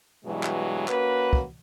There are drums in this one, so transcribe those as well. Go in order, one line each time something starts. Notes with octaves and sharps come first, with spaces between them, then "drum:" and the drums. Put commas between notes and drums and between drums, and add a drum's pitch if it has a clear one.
G2 B2 E3 F#3 G#3
drum: clap
A#3 C#4 F#4 B4, drum: clap
drum: kick